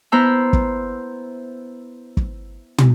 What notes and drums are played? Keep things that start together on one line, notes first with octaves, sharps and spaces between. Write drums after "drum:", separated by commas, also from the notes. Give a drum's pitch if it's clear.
B3 E4 C5 A#5 B5 E6
drum: kick
drum: kick
drum: tom